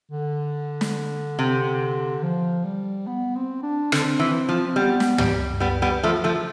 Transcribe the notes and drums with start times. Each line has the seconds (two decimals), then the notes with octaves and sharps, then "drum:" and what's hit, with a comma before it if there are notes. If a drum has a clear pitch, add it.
0.12 D3
0.81 drum: snare
1.39 C3
2.23 F3
2.64 G3
3.07 B3
3.36 C4
3.63 D4
3.92 D3 C4, drum: rim click
4.19 E3
4.49 F3
4.66 C4
4.76 G3 B3
5.00 drum: snare
5.18 G3, drum: tom
5.60 G3 B3
5.82 G3 B3
6.03 F3 A3
6.24 F3 A3